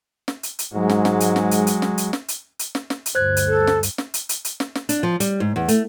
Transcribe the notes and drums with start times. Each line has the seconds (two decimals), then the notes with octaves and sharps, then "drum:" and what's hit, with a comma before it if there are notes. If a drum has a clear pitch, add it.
0.28 drum: snare
0.43 drum: hi-hat
0.59 drum: hi-hat
0.74 G#2 F#3 G#3
0.90 drum: snare
1.05 drum: snare
1.20 drum: hi-hat
1.36 drum: snare
1.51 drum: hi-hat
1.67 drum: hi-hat
1.82 drum: snare
1.98 drum: hi-hat
2.13 drum: snare
2.28 drum: hi-hat
2.59 drum: hi-hat
2.75 drum: snare
2.90 drum: snare
3.06 drum: hi-hat
3.15 D2 G2 C5 F#6 G#6
3.37 drum: hi-hat
3.47 A4
3.67 drum: snare
3.83 drum: hi-hat
3.98 drum: snare
4.14 drum: hi-hat
4.29 drum: hi-hat
4.45 drum: hi-hat
4.60 drum: snare
4.75 drum: snare
4.89 D4, drum: hi-hat
5.03 F3
5.20 G3, drum: hi-hat
5.40 G#2
5.56 E2
5.68 A3, drum: hi-hat